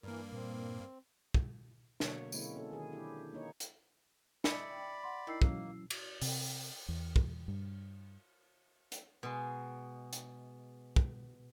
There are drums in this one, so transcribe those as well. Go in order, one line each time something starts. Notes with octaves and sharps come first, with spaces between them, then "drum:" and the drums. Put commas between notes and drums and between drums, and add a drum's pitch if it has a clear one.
G2 E3 A#3 A#4
A#2 C4
drum: kick
B2 D3 F#3 A#3 C#5, drum: snare
D3 G#3 A#3 C4 C#4 E4, drum: tambourine
C#4 A4
D#3 G#4
D4 E4 G4
A#3 D#4 C#5
drum: hi-hat
G#3 E4 D5 G5 B5 C#7, drum: snare
F#5 C6
D#3 E4 E6 C7
E3 F#3 A#3 C#4, drum: kick
drum: cymbal
C3, drum: open hi-hat
E2
drum: kick
G2
drum: hi-hat
B2 G#3
drum: hi-hat
drum: kick